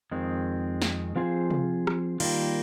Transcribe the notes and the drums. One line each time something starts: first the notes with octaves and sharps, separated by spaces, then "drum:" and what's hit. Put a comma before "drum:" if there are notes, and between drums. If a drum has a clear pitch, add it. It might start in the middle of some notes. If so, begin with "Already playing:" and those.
F2 D#3 G#3 C4
drum: snare
F3 C4 F4 G#4 C5
drum: tom C3
drum: rim click
D#3 G3 A#3 F4, drum: cymbal